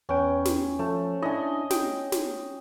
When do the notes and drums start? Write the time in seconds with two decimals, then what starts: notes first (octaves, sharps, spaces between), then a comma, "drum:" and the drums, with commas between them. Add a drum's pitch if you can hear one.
0.09 E2 C#4 B4 G5
0.45 drum: snare
0.79 F3 A3
1.22 D4 E4 D#5 G#5
1.71 G5, drum: snare
2.12 drum: snare